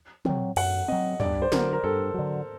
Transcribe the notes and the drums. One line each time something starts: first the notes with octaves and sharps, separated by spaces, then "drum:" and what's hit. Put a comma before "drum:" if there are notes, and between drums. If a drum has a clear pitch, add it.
F#3 C4, drum: tom
F#2 F#5, drum: cymbal
F#3 C4 D#5
G2 D5, drum: tom
C5
D3 F#3 A#4, drum: snare
A#4
G2 A4
D3 F#3